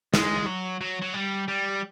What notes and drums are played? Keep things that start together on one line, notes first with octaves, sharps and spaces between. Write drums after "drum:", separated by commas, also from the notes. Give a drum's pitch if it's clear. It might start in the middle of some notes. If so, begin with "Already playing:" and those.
G#3, drum: snare
F#3
F#3
F#3
G3
G3